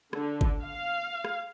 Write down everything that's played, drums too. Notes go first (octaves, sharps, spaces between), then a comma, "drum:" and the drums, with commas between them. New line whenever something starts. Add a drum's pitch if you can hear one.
D3, drum: rim click
drum: kick G1
F5
drum: rim click